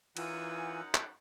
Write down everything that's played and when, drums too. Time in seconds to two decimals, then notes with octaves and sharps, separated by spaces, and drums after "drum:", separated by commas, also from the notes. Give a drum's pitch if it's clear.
0.17 F#2 E3 D#4 F4 F#5 G#5 E6, drum: cymbal
0.94 drum: clap